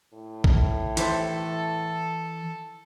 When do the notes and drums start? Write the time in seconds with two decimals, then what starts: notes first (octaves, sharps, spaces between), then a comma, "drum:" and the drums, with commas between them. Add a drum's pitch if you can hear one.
0.13 A2
0.44 drum: kick
0.97 C3 E3 A4 C5 B5, drum: hi-hat